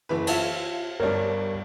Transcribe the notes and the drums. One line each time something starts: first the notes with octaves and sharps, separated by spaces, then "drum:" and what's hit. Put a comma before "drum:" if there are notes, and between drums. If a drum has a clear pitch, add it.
F#1 E3 B4
F4 E5 A5, drum: cymbal
G1 G2 A#4 C#5 D5